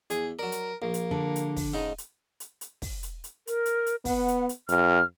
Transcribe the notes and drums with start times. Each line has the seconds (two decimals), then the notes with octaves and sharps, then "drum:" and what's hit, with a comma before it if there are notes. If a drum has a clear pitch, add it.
0.10 E2 G#4, drum: hi-hat
0.39 F#3 A#4 D5
0.52 drum: hi-hat
0.82 A#1 A#3
0.94 drum: hi-hat
1.11 D3
1.36 drum: hi-hat
1.56 drum: kick, open hi-hat
1.74 G#2 C#3 G#3 D#4
1.98 drum: hi-hat
2.40 drum: hi-hat
2.61 drum: hi-hat
2.82 drum: kick, open hi-hat
3.03 drum: hi-hat
3.24 drum: hi-hat
3.47 A#4, drum: hi-hat
3.66 drum: hi-hat
3.86 drum: hi-hat
4.05 B3 F#5, drum: kick, open hi-hat
4.28 drum: hi-hat
4.49 drum: hi-hat
4.69 F2 F6, drum: hi-hat